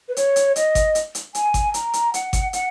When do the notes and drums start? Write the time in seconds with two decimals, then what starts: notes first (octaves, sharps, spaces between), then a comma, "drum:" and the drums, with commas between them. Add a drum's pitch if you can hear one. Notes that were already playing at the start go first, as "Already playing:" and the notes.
0.09 B4
0.17 C#5, drum: hi-hat
0.36 drum: hi-hat
0.56 D#5, drum: hi-hat
0.75 drum: kick G#1, hi-hat
0.95 drum: hi-hat
1.15 drum: hi-hat
1.35 G#5, drum: hi-hat
1.54 drum: kick G#1, hi-hat
1.74 A#5, drum: hi-hat
1.93 drum: hi-hat
2.14 F#5, drum: hi-hat
2.33 drum: kick G#1, hi-hat
2.53 F#5, drum: hi-hat